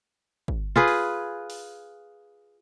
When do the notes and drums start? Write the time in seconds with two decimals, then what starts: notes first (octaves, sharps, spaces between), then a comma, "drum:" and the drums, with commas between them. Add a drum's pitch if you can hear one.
0.48 drum: kick
0.76 F4 G#4 B4
0.88 drum: open hi-hat
1.50 drum: open hi-hat